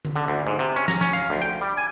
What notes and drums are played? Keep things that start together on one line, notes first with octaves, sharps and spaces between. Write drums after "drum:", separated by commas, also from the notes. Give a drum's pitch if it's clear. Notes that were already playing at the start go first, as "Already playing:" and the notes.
drum: tom D3
D3
D2
G#2
C3
C#4
A#5, drum: snare
C#4, drum: snare
F5
D2
G5
G3
G#5